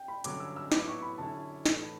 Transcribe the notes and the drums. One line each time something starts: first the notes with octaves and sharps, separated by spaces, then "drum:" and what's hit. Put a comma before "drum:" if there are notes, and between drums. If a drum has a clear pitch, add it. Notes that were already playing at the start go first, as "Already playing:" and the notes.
Already playing: G5
B5
G2 D3 F#3 C#4 D6, drum: hi-hat
E6
E6
A2 F#3 B3 E4 D6, drum: snare
C#6
B5
F#2 D3 F#3 C#4 E4 A5
A2 E3 A3, drum: snare